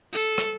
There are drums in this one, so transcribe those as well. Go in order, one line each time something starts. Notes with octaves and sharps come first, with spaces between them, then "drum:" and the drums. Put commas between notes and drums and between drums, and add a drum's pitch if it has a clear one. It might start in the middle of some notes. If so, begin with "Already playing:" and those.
A4, drum: tambourine
drum: rim click